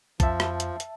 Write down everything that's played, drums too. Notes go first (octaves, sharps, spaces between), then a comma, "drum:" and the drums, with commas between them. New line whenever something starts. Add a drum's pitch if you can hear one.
F2 F3 E5 A5, drum: kick, hi-hat
drum: rim click
drum: hi-hat
drum: hi-hat